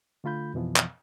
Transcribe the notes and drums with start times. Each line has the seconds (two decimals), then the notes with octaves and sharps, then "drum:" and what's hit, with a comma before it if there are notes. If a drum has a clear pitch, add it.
0.24 D3 A3 F4 B5 G6
0.54 F2 B2 E3 F3 B3
0.76 drum: clap